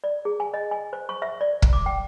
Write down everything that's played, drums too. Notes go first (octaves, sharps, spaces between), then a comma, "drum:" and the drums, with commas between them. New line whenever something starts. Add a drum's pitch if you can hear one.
D5
G#4
G#5
D#5
G#5
C5
C#6
E5
D5
drum: kick
D6
G5